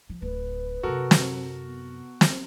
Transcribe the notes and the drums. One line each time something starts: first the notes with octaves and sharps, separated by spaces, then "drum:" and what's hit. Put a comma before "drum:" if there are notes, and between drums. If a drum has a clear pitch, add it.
F3
D1 A2 B4
F#2 C3 F#4 A4 A#4
drum: snare
B3
drum: snare